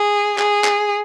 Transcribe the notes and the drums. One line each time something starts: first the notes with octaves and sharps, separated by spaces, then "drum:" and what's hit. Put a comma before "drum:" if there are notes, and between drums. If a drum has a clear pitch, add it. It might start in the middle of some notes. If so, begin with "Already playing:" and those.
Already playing: G#4
G#4, drum: clap
drum: clap